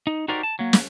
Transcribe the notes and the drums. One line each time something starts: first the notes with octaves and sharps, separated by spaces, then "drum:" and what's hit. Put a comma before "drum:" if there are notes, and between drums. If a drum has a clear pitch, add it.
D#4
D#4 F#4 G4 A#4 C5 D5
A5
F#3 A#3
drum: snare